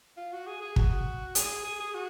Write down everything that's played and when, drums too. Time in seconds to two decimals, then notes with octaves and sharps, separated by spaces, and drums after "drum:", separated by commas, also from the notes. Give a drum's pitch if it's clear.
0.17 F4
0.32 F#4
0.47 G#4
0.61 G#4
0.76 F#4, drum: kick
1.35 G#4, drum: hi-hat
1.64 G#4
1.80 G#4
1.94 F#4